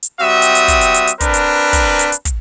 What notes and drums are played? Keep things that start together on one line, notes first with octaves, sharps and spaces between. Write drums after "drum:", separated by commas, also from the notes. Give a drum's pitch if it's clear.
drum: hi-hat
G3 C4 F#4 E5 D#6
drum: hi-hat
drum: hi-hat
drum: kick, hi-hat
drum: hi-hat
drum: hi-hat
drum: hi-hat
C4 D4 A#4 B4, drum: kick, hi-hat
drum: hi-hat
drum: kick, hi-hat
drum: hi-hat
drum: hi-hat
drum: kick, hi-hat